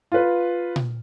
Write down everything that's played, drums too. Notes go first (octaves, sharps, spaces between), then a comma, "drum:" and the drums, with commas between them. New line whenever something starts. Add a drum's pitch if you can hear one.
F4 B4
drum: tom A#2